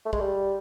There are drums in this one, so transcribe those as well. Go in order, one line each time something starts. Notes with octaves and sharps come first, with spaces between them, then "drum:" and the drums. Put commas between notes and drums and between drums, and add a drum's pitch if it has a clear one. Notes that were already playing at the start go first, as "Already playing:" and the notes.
A3
G#3, drum: kick
G3